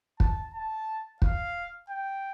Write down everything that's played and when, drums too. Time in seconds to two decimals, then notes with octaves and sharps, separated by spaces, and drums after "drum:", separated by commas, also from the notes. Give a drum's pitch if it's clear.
0.20 A5, drum: kick
0.54 A5
1.22 F5, drum: kick
1.90 G5